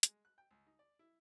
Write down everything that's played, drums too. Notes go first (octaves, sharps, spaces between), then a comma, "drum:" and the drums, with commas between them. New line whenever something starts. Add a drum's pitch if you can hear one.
G#3, drum: hi-hat
F#6
G5
C#2
D#4
D5
E4